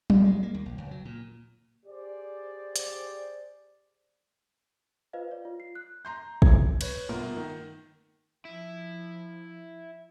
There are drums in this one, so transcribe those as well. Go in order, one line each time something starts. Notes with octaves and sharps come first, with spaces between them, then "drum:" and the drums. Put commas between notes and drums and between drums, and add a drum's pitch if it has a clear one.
A#1, drum: tom F#3
G#3
A#3
D#2
A#1
C#2
F#3
A#2
G4 G#4 C5 D5
drum: hi-hat
F4 B4 C5 D#5 F5
C#5 D5
F4
C7
F#6
A#5 C6 G6
G#6, drum: kick
B4 C#5, drum: cymbal
G1 B2 F4 A#4 A#5
D#3
F3 E4